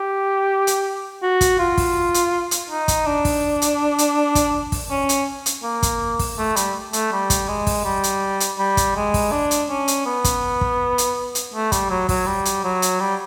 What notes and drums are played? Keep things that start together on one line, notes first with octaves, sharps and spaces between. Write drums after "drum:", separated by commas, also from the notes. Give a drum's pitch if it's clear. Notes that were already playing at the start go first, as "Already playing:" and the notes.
Already playing: G4
drum: hi-hat
F#4
drum: kick, hi-hat
F4
drum: kick, open hi-hat
drum: hi-hat
drum: hi-hat
D#4
drum: kick, hi-hat
D4
drum: kick, open hi-hat
drum: hi-hat
drum: hi-hat
drum: kick, hi-hat
drum: kick, open hi-hat
C#4
drum: hi-hat
drum: hi-hat
A#3
drum: kick, hi-hat
drum: kick, open hi-hat
A3
G3, drum: hi-hat
A3, drum: hi-hat
G3
drum: kick, hi-hat
G#3
drum: kick, open hi-hat
G3
drum: hi-hat
drum: hi-hat
G3
drum: kick, hi-hat
G#3
drum: kick, open hi-hat
D4
drum: hi-hat
C#4
drum: hi-hat
B3
drum: kick, hi-hat
drum: kick
drum: hi-hat
drum: hi-hat
A3
G3, drum: kick, hi-hat
F#3
F#3, drum: kick, open hi-hat
G3
drum: hi-hat
F#3
drum: hi-hat
G3